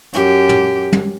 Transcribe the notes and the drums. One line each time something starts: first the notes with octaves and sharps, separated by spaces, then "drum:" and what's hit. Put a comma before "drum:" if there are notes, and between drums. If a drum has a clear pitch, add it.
F#2 G4, drum: hi-hat
drum: tom
drum: tom